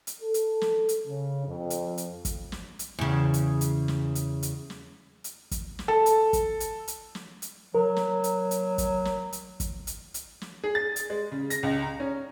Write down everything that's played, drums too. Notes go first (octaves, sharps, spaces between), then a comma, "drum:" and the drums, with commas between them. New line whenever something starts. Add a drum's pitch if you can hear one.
drum: hi-hat
A4
drum: hi-hat
drum: snare
drum: hi-hat
C#3
F2
drum: hi-hat
drum: hi-hat
drum: kick, hi-hat
drum: snare
drum: hi-hat
E2 C#3
drum: hi-hat
drum: hi-hat
drum: snare
drum: hi-hat
drum: hi-hat
drum: snare
drum: hi-hat
drum: kick, hi-hat
drum: snare
A4
drum: hi-hat
drum: kick, hi-hat
drum: hi-hat
drum: hi-hat
drum: snare
drum: hi-hat
F#3 A#4
drum: snare
drum: hi-hat
drum: hi-hat
drum: kick, hi-hat
drum: snare
drum: hi-hat
drum: kick, hi-hat
drum: hi-hat
drum: hi-hat
drum: snare
G#4
A6
drum: hi-hat
G#3
C#3
A#6, drum: hi-hat
C#2
A#5
C#4